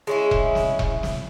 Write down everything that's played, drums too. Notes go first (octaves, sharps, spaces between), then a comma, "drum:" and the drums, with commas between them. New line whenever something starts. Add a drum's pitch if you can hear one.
G#3 C#4 E4
drum: kick E1
drum: snare
drum: kick E1
drum: snare